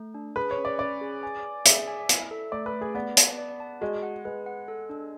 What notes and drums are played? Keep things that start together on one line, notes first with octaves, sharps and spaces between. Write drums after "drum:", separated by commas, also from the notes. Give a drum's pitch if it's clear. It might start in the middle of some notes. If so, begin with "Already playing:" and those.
Already playing: A3
D4
G#4 B4
C#5
C#4
D5
C#4 D5
G#4
G#5
G#5
G#4 E5, drum: hi-hat
G#5
E4, drum: hi-hat
A4
A3 D5
B4
A3
G#4
B3 D5
A5, drum: hi-hat
D5
A5
G#3 F#4
F#5
G#3 B4
F#5
A4
D4